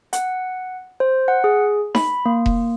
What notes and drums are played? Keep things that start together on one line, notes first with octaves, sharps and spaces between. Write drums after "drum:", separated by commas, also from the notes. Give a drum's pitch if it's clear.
F#5, drum: hi-hat
C5
F#5
G#4
B5, drum: snare D#4
A#3
drum: kick E1